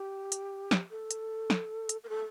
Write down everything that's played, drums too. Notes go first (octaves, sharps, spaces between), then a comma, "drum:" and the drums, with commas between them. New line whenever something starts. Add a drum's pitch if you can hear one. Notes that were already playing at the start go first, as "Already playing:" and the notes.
Already playing: G4
drum: hi-hat
drum: snare
A4
drum: hi-hat
drum: snare
drum: hi-hat
A#4
A4